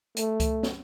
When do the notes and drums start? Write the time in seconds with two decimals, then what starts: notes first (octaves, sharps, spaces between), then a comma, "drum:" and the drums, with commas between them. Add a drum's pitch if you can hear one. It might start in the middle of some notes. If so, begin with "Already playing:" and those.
0.17 A3, drum: hi-hat
0.40 drum: kick C#2, hi-hat
0.63 drum: snare